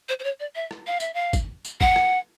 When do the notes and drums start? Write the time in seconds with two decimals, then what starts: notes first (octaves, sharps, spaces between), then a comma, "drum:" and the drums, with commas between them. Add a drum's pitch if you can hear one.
0.09 C5
0.19 C5
0.24 C#5
0.40 D5
0.55 E5
0.71 drum: rim click
0.87 F5
1.00 E5, drum: tambourine
1.14 F5
1.33 drum: kick, tambourine
1.65 drum: tambourine
1.81 F#5, drum: kick
1.96 drum: rim click